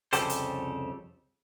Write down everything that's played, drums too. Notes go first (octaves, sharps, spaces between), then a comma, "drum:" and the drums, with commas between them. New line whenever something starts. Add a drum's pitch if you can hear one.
C2 F2 C#3 G4 A4 C5, drum: hi-hat
drum: hi-hat